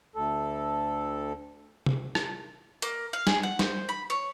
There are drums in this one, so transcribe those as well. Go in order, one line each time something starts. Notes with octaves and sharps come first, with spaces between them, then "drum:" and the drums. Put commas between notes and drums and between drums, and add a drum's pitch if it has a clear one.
D2 A4
drum: tom C3
drum: rim click
A#3, drum: hi-hat
F5
G#4, drum: snare
F#5
C5, drum: snare
B5
C#5